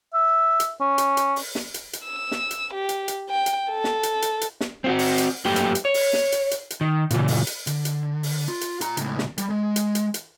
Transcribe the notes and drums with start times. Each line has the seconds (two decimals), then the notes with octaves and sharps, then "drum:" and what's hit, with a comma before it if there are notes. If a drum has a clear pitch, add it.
0.14 E5
0.60 drum: hi-hat
0.80 C#4
0.98 drum: hi-hat
1.17 drum: hi-hat
1.36 drum: open hi-hat
1.55 drum: snare
1.74 drum: hi-hat
1.93 drum: hi-hat
2.05 E6
2.31 drum: snare
2.51 drum: hi-hat
2.73 G4
2.89 drum: hi-hat
3.08 drum: hi-hat
3.30 G5
3.46 drum: hi-hat
3.70 A4
3.84 drum: snare
4.03 drum: hi-hat
4.22 drum: hi-hat
4.41 drum: hi-hat
4.61 drum: snare
4.84 C4 F4 F#4
4.99 drum: open hi-hat
5.18 drum: hi-hat
5.45 F#2 A3 A#3 G4 B4 G5
5.56 drum: hi-hat
5.75 drum: hi-hat
5.85 C#5
5.94 drum: open hi-hat
6.13 drum: snare
6.32 drum: hi-hat
6.51 drum: hi-hat
6.70 drum: hi-hat
6.81 D#3
7.10 A#2 C#3 E3, drum: hi-hat
7.28 drum: open hi-hat
7.47 drum: hi-hat
7.67 D3, drum: hi-hat
7.85 drum: hi-hat
8.23 drum: open hi-hat
8.48 F4
8.61 drum: hi-hat
8.81 F4 A#5, drum: hi-hat
8.97 C#2 A2, drum: hi-hat
9.19 drum: snare
9.38 G3, drum: hi-hat
9.50 G#3
9.76 drum: hi-hat
9.95 drum: hi-hat
10.14 drum: hi-hat